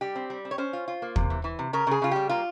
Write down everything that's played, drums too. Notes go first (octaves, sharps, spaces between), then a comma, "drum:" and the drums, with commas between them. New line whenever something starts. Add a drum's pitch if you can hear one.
G3 G4
C4
G3
C4
C#5
C#4 C5
F4
F4
A#3
C3, drum: kick
E3
E3
C3
C#3 A#4
C#3 G#4
C#3 F4
G3 G4
A#3 F4